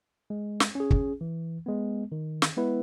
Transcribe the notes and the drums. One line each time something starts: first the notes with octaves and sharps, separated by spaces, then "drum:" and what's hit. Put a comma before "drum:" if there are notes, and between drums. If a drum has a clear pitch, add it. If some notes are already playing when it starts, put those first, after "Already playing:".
G#3
drum: snare
C#4 G#4
drum: kick
E3
G#3 B3
D#3
drum: snare
G#3 B3 E4 B4